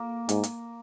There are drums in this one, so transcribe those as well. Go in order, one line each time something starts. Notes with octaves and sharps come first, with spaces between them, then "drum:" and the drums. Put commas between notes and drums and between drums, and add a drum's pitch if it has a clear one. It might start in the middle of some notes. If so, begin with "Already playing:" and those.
Already playing: A#3
G#2, drum: hi-hat
drum: hi-hat